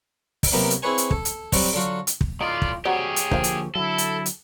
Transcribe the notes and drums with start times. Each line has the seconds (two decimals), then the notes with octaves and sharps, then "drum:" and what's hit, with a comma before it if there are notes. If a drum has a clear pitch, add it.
0.43 drum: kick, open hi-hat
0.52 C3 F#3 A#3 B3 G4 A#4
0.70 drum: hi-hat
0.82 C4 E4 G#4 B4 C#5 G#5
0.98 drum: hi-hat
1.11 A4, drum: kick
1.25 drum: hi-hat
1.52 F#3 G3 C4 F#4, drum: kick, open hi-hat
1.73 D3 F#3 F4 F#4
2.07 drum: hi-hat
2.21 drum: kick
2.41 A2 D#4 F4 D5
2.62 drum: kick
2.85 F#3 G3 C4 G4 G#4 C#5
3.16 drum: hi-hat
3.31 D3 F3 A#3 C5 F5, drum: kick
3.44 drum: hi-hat
3.75 D3 F#3 E4 A4
3.98 drum: hi-hat
4.26 drum: hi-hat